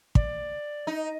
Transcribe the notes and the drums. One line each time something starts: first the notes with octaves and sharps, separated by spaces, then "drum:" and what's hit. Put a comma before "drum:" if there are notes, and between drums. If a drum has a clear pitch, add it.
D5, drum: kick
D#4